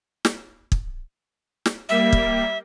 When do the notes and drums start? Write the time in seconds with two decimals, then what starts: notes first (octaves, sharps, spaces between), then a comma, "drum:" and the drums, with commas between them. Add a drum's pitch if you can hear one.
0.25 drum: snare
0.72 drum: kick
1.66 drum: snare
1.89 G3 A#3 E5
2.13 drum: kick